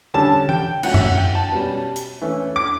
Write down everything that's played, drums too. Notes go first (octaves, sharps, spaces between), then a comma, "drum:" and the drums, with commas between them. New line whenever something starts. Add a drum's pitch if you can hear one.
D3 G3 C#4 A5
G5, drum: tom E3
A2 F#3 C#4 F#5, drum: cymbal
E5, drum: tom F#2
F#5
G5
A5
B2 G3 C#4
drum: hi-hat
E3 A3 C#4
D6